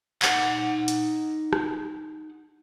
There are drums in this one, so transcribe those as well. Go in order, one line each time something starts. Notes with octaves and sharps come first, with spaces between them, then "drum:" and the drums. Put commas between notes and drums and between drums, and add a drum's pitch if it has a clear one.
D#4 F#5, drum: clap
drum: hi-hat
drum: rim click